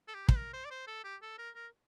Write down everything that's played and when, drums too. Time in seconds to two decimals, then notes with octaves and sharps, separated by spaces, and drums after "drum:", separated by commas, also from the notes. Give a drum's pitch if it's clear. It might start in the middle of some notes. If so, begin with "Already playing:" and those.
0.08 A4
0.15 G4
0.29 C5, drum: kick
0.37 A#4
0.54 C5
0.65 D5
0.71 C5
0.88 A4
1.04 G4
1.22 A4
1.38 A#4
1.55 A#4